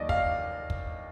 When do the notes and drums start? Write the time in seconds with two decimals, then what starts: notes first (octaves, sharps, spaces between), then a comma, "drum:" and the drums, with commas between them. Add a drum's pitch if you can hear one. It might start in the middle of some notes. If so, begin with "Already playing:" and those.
Already playing: D#2 D#3 F#3 D5 D#5
0.09 F5, drum: kick
0.70 drum: kick